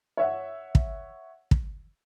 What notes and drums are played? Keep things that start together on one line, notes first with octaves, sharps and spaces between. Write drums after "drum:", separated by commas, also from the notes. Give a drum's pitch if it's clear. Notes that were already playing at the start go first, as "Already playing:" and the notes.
C#5 E5 F#5
drum: kick
drum: kick